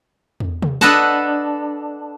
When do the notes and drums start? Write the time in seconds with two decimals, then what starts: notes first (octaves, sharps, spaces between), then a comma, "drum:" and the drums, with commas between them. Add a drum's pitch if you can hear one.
0.40 drum: tom
0.62 drum: tom C3
0.81 D4 A4 B4 D#5 F#5 A5, drum: snare